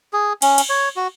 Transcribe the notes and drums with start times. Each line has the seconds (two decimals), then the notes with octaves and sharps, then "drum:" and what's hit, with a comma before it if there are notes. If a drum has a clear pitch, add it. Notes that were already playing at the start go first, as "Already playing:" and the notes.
0.13 G#4
0.42 C#4, drum: cymbal
0.58 drum: cymbal
0.70 C#5
0.96 F#4